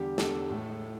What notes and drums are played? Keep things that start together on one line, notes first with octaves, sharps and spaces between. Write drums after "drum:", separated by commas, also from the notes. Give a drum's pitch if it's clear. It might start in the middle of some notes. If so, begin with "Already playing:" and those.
Already playing: E2 D3 G3 G4
E2 D3 G3 A4, drum: snare
A2 A3